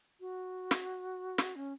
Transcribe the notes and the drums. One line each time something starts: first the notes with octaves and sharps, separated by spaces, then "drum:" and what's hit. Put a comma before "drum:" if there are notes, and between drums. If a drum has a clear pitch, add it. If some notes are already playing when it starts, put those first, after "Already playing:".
F#4
drum: snare
drum: snare
C#4